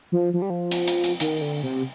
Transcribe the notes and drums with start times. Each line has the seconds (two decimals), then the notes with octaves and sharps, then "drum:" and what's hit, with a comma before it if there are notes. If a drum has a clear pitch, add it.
0.12 F3
0.33 F3
0.42 G3
0.50 F3
0.71 drum: hi-hat
0.88 drum: hi-hat
1.04 drum: hi-hat
1.20 D#3, drum: hi-hat
1.42 D3
1.63 C3